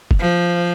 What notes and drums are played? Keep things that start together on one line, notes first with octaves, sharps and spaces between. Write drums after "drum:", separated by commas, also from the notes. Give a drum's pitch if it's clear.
drum: kick F1
F3